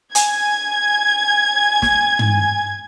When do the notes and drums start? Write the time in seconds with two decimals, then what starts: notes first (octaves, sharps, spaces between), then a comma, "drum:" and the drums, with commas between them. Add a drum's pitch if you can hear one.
0.15 G#5 G#6, drum: hi-hat
1.82 drum: snare
2.19 drum: tom